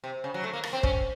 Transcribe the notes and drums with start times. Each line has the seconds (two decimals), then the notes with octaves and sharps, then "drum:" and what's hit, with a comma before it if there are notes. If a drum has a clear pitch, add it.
0.04 C3
0.24 C#3
0.34 F#3
0.44 A3
0.53 A#3
0.63 drum: rim click
0.73 C4
0.83 C#4, drum: kick